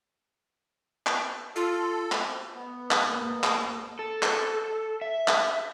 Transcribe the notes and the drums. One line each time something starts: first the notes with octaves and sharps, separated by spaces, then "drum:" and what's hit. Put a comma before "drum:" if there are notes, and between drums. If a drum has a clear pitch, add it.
drum: clap
F4 A4
drum: clap
B3
drum: clap
A#3
drum: clap
A4
drum: clap
E5
drum: clap